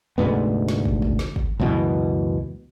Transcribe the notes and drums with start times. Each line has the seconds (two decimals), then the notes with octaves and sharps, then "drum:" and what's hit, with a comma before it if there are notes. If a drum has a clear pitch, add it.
0.18 F1 D2 G#2 B3
0.68 drum: snare
0.85 drum: kick
1.02 drum: kick
1.19 drum: snare
1.36 drum: kick
1.60 C#2 F#2 B2 E3